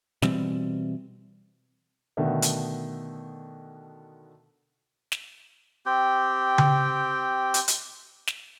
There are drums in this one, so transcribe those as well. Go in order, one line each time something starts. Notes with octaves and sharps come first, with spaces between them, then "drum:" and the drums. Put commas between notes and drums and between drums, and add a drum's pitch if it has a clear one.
B2 E3 G3 C4, drum: snare
B2 D3 D#3 A3 B3
drum: hi-hat
drum: snare
C4 G4 G5
drum: tom C#3
drum: hi-hat
drum: hi-hat
drum: snare